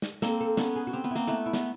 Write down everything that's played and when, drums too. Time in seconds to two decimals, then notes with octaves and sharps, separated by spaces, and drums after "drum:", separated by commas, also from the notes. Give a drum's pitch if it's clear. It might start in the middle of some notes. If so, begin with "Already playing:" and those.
0.02 drum: snare
0.22 A#3 C4 A4, drum: snare
0.41 A4
0.57 B3 C#4 A4, drum: snare
0.76 G#4
0.87 F#4
0.93 C4 G4
1.04 B3
1.11 E4
1.15 A#3 C4
1.27 A3 B3 E4
1.46 E4
1.53 B3, drum: snare